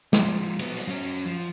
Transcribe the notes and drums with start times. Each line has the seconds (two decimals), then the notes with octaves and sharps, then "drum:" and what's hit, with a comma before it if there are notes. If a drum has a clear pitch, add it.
0.13 F3 G#3, drum: snare
0.59 F#3 B3, drum: cymbal
0.77 drum: open hi-hat
0.88 F#3 C#4
1.26 F3